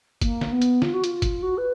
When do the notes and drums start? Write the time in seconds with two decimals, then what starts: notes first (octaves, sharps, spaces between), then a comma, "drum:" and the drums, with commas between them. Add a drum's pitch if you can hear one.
0.21 A#3, drum: kick G1, hi-hat
0.41 drum: snare
0.52 B3
0.62 drum: hi-hat
0.82 F4, drum: snare
0.93 F#4
1.04 F4, drum: hi-hat
1.22 drum: kick G1, hi-hat
1.42 F#4
1.57 B4